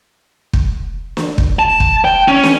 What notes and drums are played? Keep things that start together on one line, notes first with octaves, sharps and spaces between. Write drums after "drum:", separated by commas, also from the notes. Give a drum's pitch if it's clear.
drum: kick
drum: snare
drum: kick
A5
drum: kick
G5
C#4
drum: snare